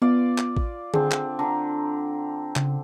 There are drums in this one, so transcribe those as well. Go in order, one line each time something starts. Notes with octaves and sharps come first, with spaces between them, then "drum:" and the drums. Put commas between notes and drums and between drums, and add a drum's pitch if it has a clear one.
B3 F4 D5 F5
drum: clap
drum: kick A1
D3 C4 G#4, drum: tom D3
drum: clap
D3 A#5
C#3, drum: clap